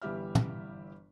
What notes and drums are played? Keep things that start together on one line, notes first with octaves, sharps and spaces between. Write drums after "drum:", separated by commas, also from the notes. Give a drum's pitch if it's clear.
G1 E3 G3 G4 E5 F6
drum: tom